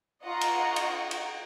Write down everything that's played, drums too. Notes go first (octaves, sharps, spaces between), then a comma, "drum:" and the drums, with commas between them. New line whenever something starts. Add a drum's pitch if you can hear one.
F4 D#5 F#5 A#5 C#6
drum: cymbal
drum: cymbal
drum: cymbal